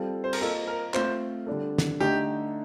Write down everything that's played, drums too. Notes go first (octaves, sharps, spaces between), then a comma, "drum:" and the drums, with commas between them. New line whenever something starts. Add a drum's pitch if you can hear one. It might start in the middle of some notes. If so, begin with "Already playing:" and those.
Already playing: G3 C4 F4 A4
C5
A#4, drum: cymbal
A#3 F4 A4 C5 D#5
A#4
A3 C4 F4 C5, drum: clap
D3 G3 D4 A4
drum: snare
D3 A3 D#4 G4